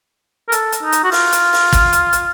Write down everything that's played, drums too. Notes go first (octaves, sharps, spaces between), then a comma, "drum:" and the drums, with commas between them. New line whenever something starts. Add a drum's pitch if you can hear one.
A#4
A4, drum: hi-hat
drum: hi-hat
D#4
drum: hi-hat
F#4
F4, drum: open hi-hat
drum: hi-hat
drum: open hi-hat
drum: kick, hi-hat
drum: hi-hat
drum: hi-hat